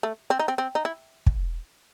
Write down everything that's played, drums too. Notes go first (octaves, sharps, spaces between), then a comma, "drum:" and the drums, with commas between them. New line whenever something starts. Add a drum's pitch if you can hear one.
A3
C4
D#4
C4
C4
D#4
E4
drum: kick